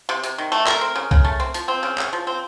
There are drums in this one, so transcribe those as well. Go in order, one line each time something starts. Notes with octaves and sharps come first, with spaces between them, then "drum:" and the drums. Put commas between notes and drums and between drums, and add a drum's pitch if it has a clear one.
C3
C3, drum: hi-hat
D#3
A3
A3 A#4, drum: clap
C4
C#3
C#3, drum: kick C2
A3
C4
F3, drum: hi-hat
C4
C#3
C#3, drum: clap
F3
C4